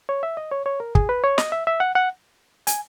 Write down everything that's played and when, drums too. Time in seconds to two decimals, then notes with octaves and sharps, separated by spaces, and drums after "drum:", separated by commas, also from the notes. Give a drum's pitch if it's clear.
0.09 C#5
0.23 E5
0.37 D#5
0.51 C#5
0.66 C#5
0.80 A#4
0.95 G#4, drum: kick
1.09 B4
1.24 C#5
1.38 D#5, drum: snare
1.52 E5
1.67 E5
1.80 F#5
1.95 F#5
2.67 G#5, drum: hi-hat